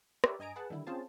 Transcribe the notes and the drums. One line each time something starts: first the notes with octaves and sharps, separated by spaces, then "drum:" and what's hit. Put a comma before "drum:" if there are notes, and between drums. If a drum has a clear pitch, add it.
G4 A#4 B4 C#5 D5 E5, drum: rim click
G2 D#5 G#5 A#5 D7
G#4 B4 F#5 A5
D3 D#3 G3 E4
C4 C#4 F4 G#4 C5 A5